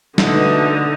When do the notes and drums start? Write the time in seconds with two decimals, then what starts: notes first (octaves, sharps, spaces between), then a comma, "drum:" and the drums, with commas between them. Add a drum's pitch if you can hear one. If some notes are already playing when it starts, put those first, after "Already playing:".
0.18 B2 D3 A3 D#4, drum: snare